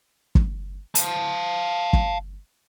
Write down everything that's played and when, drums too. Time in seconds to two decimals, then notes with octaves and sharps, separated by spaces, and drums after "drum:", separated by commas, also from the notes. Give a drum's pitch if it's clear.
0.35 drum: kick
0.95 F5 A5, drum: hi-hat
1.93 drum: kick